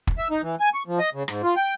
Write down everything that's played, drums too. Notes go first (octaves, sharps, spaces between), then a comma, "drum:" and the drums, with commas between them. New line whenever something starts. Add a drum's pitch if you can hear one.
drum: kick
E5
D#4
E3
G#5
C#6
F3
D#5
C#3
G#2, drum: rim click
F4
G5